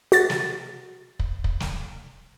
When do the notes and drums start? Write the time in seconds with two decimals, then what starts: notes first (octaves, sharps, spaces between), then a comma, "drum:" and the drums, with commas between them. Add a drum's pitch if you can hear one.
0.12 F#4 A6, drum: hi-hat
0.30 drum: snare
1.19 drum: kick
1.44 drum: kick
1.60 drum: snare